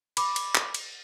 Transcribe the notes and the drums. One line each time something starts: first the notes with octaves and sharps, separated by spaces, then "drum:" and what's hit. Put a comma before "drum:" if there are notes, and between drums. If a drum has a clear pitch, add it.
B5 D6, drum: cymbal
drum: cymbal
drum: clap
drum: cymbal